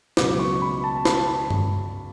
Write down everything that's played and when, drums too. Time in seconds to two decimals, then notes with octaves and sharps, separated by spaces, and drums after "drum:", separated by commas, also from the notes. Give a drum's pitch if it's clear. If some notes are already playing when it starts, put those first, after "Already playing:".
0.17 C#2 B2 F#3 D6, drum: snare
0.39 C#6
0.62 B5
0.84 A5
0.96 A5
1.05 B5, drum: snare
1.50 drum: tom G2